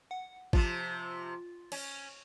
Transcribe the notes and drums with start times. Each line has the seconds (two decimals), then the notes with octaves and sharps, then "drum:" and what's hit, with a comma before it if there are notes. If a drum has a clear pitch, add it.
0.11 F#5
0.53 C3 F3 F4, drum: kick
1.72 C#4, drum: cymbal